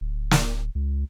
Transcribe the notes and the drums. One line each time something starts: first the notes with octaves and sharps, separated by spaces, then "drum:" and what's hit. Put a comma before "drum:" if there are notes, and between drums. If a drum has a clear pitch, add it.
D1
drum: snare
C#2